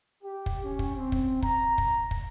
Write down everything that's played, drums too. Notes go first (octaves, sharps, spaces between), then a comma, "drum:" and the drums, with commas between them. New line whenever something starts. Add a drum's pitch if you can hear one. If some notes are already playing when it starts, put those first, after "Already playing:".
G4
drum: kick
C#4
drum: kick
C4
drum: kick
A#5, drum: kick
drum: kick
drum: kick